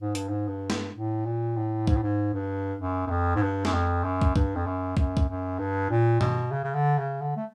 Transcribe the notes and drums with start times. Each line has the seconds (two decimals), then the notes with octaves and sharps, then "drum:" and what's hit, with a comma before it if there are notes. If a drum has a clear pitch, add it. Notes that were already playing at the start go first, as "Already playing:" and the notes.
0.01 G#2
0.15 G2, drum: hi-hat
0.29 G#2
0.48 G2
0.70 drum: snare
0.95 A2
1.26 A#2
1.57 A2
1.87 G#2, drum: kick
1.96 A2
2.03 G#2
2.34 G2
2.81 F#2
3.07 F#2
3.11 F2
3.36 G#2
3.42 G2
3.65 F#2, drum: snare
3.73 F2
4.04 F#2
4.22 drum: kick
4.36 G2, drum: kick
4.56 F2
4.66 F#2
4.97 F#2, drum: kick
5.17 drum: kick
5.28 F#2
5.59 G2
5.90 A#2
6.21 B2, drum: tom
6.52 C#3
6.64 C#3
6.74 D3
6.98 C#3
7.21 D3
7.37 A3